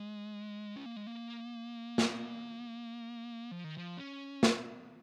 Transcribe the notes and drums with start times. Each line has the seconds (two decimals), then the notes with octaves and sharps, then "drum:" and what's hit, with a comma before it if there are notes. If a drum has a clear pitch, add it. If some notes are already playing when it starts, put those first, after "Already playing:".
Already playing: G#3
0.76 C#4
0.86 A#3
0.96 G#3
1.07 A#3
1.98 drum: snare
3.51 F3
3.64 D#3
3.77 F3
3.97 C#4
4.43 drum: snare